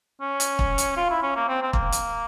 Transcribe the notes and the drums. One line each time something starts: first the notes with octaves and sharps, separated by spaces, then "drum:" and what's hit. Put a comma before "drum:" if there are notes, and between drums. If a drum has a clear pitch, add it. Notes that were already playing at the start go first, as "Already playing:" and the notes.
C#4
drum: hi-hat
drum: kick
drum: hi-hat
F4
E4
C#4
A#3
C4
C4
A#3, drum: kick
drum: hi-hat